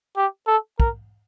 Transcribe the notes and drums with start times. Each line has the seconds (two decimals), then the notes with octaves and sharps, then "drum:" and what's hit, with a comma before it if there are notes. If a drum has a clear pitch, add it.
0.17 G4
0.47 A4
0.80 A#4, drum: kick